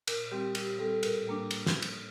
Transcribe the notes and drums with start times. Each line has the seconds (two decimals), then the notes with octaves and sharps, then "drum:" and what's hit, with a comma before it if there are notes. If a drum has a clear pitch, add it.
0.07 A#2 A#4, drum: cymbal
0.31 G3 C4 G4
0.55 A#2 G4, drum: cymbal
0.79 G3 C4 A4
1.03 A2 A#4, drum: cymbal
1.27 G3 A#3 D4
1.51 drum: cymbal
1.66 drum: snare
1.82 drum: cymbal